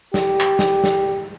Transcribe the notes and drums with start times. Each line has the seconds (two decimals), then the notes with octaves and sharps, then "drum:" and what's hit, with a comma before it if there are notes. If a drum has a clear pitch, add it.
0.14 G4, drum: snare
0.40 drum: clap
0.59 drum: snare
0.84 drum: snare